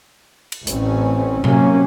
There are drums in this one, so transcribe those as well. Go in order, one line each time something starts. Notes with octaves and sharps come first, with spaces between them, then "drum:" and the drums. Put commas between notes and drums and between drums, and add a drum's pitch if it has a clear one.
drum: cymbal
A1 C4 C#4, drum: hi-hat
C3 F#3 A#3 C#4, drum: tom A2